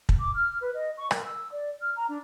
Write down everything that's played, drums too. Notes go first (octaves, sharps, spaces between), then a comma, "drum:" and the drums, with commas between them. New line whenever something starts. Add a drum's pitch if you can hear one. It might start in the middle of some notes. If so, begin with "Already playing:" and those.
drum: kick
D6
F6
B4
D#5
C#6
A#4, drum: rim click
E6
D5
F6
A#5
D4